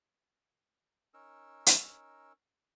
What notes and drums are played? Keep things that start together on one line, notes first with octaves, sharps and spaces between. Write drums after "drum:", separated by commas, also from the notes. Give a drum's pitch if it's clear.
C#4 D#4 A#4 E6
drum: hi-hat